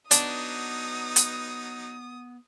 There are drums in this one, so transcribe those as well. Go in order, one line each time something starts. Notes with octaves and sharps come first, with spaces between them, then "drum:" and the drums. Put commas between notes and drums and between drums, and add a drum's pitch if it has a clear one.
F#3 B3 D4 D#4 D#6, drum: hi-hat
drum: hi-hat